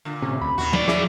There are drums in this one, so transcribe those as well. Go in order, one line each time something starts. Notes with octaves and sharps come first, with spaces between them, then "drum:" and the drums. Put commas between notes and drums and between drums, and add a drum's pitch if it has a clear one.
A#2 D3
A2 C3 C#4
D2 B5
D#2 D#3 F#4
F3 D5, drum: tom
E4 G#4 D6, drum: snare